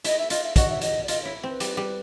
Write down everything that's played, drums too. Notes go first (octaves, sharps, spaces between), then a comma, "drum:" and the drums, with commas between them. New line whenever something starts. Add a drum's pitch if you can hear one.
E4 D#5, drum: hi-hat
E5
F4 D#5, drum: hi-hat
E5
F#4 D#5, drum: kick, hi-hat
E5
D#5, drum: hi-hat
D5
F4 D#5, drum: hi-hat
E4 C#5
C4 B4
G3, drum: hi-hat
G3